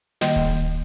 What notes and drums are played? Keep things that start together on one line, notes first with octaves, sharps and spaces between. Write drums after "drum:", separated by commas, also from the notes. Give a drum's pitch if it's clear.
D#3 G3 A#3 D#5, drum: snare
drum: kick D1